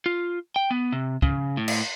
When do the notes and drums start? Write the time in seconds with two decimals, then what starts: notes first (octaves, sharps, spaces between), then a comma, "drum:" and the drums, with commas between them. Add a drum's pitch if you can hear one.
0.06 F4
0.56 G5
0.71 B3
0.92 C3
1.22 C#3, drum: kick
1.57 A2
1.68 drum: cymbal